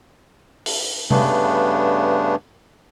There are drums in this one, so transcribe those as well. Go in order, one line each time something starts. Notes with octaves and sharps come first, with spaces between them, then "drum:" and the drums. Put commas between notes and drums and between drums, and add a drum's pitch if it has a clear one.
drum: open hi-hat
G2 C#3 A3 B3 D4, drum: tom C3